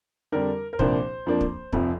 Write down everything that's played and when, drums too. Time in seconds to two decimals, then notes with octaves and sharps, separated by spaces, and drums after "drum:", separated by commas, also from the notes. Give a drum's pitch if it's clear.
0.32 F2 D3 G3 D4 A#4
0.73 A#4
0.79 C2 A#2 F3 A#3 D4 C5, drum: kick
1.26 F2 F3 A#3 D4
1.41 drum: kick
1.72 F1 F2 C3 F3, drum: kick